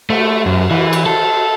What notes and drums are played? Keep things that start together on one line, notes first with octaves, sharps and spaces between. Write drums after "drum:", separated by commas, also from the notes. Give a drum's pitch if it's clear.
A3, drum: cymbal
F#2
E3, drum: cymbal
drum: cymbal
A4